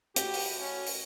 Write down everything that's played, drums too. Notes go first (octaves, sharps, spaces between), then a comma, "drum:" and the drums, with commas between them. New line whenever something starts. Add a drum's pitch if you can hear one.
A2 F#4 G4, drum: hi-hat
drum: open hi-hat
C#4
drum: open hi-hat